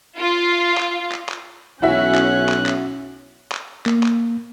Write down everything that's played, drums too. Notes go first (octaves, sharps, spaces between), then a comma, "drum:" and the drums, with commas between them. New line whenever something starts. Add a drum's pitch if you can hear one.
F4
drum: clap
drum: clap
drum: clap
B1 C#4 E4 F#4 E5 F#6
drum: clap
drum: clap
drum: clap
drum: clap
A#3, drum: clap
drum: clap